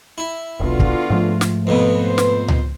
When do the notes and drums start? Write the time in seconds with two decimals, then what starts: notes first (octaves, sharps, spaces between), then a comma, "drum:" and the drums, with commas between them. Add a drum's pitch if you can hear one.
0.18 E4
0.60 E1 B1 D3 B3 F4 F#4
0.80 drum: kick
1.10 G#2 F3 A3
1.41 drum: snare
1.67 F2 B2 B3 B4
2.04 C5
2.18 drum: snare
2.48 drum: tom C#2